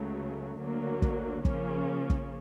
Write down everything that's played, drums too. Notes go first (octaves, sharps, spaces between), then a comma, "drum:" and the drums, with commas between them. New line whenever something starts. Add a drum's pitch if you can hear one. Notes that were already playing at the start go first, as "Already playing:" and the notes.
Already playing: C#2 C#3 F#3 A3
D2 D3 F#3 A#3
drum: kick
C#3 F3 A#3 C#4, drum: kick
drum: kick